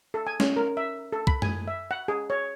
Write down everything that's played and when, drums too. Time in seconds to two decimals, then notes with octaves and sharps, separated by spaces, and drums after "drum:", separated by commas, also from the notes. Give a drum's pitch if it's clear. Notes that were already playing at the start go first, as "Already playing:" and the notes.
0.14 A4
0.27 G#5
0.40 C#4, drum: snare
0.56 A#4
0.77 E5
1.13 A4
1.27 B5, drum: kick
1.42 G#5, drum: tom F#2
1.68 E5
1.91 F#5
2.08 G#4
2.30 C#5